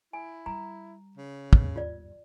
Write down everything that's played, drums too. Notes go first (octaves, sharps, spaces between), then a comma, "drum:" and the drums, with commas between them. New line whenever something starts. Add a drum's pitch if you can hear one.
E4 G#5
G3 A#5
C#3
G1 D#2, drum: kick
F4 D5